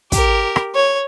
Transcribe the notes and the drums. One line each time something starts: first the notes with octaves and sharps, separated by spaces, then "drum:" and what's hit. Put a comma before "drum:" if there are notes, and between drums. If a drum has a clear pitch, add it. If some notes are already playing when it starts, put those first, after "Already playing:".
G4 A#4, drum: kick, hi-hat
drum: rim click
C#5